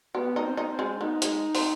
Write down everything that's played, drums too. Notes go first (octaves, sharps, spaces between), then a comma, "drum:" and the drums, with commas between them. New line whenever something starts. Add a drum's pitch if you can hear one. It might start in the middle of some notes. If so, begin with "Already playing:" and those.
B3 G4
D#4
C4
D#4
C4
G#3
B3 D#4
G#3, drum: hi-hat
C4, drum: open hi-hat